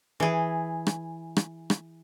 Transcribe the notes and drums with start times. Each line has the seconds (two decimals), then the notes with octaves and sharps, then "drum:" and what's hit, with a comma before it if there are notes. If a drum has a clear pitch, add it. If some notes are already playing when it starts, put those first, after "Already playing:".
0.20 E3 G#4
0.87 drum: rim click
1.36 drum: rim click
1.70 drum: rim click